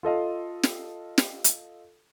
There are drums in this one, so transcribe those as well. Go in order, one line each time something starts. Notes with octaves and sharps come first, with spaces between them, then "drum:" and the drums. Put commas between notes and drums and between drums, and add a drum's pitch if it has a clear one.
F4 A4 D#5 F5
drum: snare
drum: snare
drum: hi-hat